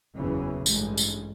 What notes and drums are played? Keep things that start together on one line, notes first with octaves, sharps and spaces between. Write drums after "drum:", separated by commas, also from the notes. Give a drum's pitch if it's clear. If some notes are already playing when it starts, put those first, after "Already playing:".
F#1 E2 C#3 E3
A1 G2 G#3, drum: tambourine
drum: tambourine